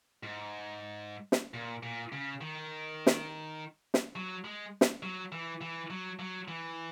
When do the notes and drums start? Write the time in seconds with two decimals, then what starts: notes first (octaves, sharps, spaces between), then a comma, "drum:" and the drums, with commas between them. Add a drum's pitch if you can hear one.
0.23 G#2
1.32 drum: snare
1.54 A#2
1.83 A#2
2.12 C#3
2.41 D#3
3.07 drum: snare
3.94 drum: snare
4.16 F#3
4.44 G#3
4.81 drum: snare
5.03 F#3
5.32 E3
5.61 E3
5.90 F#3
6.19 F#3
6.48 E3